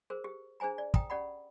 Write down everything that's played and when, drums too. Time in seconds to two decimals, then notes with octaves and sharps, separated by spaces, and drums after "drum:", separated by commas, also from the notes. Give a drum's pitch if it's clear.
0.10 G#4 A#4 C5
0.24 G4
0.60 D4 G#4 C5 G#5 A#5
0.78 D5
0.94 G5 A#5 D#6, drum: kick
1.10 C#4 G4 D5 F#5 B5